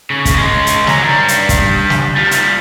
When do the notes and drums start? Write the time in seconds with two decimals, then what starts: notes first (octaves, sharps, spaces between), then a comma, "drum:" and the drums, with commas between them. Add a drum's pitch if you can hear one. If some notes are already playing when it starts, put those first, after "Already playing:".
0.10 C#3
0.25 drum: kick, hi-hat
0.35 G#3 C#4
0.67 drum: hi-hat
0.87 C#5 A#5, drum: snare
1.04 G3 D4
1.28 drum: hi-hat
1.49 drum: kick, hi-hat
1.90 drum: snare
2.16 G3 F4
2.31 drum: hi-hat